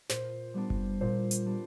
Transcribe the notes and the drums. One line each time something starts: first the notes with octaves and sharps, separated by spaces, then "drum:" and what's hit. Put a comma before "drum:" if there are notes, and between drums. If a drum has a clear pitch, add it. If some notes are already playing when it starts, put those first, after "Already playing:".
A#2 C5, drum: snare
G3 B3 D4
drum: kick F#1
A#2 C5
drum: hi-hat
G3 B3 D4